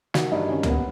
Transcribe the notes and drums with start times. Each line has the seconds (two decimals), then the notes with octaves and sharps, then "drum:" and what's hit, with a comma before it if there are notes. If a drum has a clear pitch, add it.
0.14 D#3 F#4, drum: snare
0.31 G2 D#4
0.49 D#3 C#4
0.63 A#3, drum: tom
0.67 B3